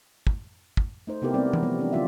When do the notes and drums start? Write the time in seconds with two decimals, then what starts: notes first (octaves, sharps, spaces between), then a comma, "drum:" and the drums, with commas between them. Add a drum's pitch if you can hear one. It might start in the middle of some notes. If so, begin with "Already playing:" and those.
0.27 drum: kick
0.77 drum: kick
1.07 A3 D#4 C5
1.22 C3 B3 D#4 E4 G4 A#4
1.34 G3 G#3 B3 C4 A#4 D5
1.53 drum: tom E3
1.63 F3 G3 B3 C#5
1.79 E3 C4 D4 E4
1.92 D3 F#3 C#4 F4 D5 E5